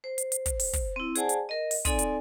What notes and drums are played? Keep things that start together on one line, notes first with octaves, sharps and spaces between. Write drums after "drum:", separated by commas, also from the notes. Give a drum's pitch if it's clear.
C5
drum: hi-hat
drum: hi-hat
drum: kick, hi-hat
drum: open hi-hat
drum: kick, hi-hat
C4 E4
G#4 C5 D5 F#5 G#5 A5, drum: hi-hat
drum: hi-hat
A#4 D#5
drum: open hi-hat
C4 D#4 A4 D5 G#5, drum: kick, hi-hat
drum: hi-hat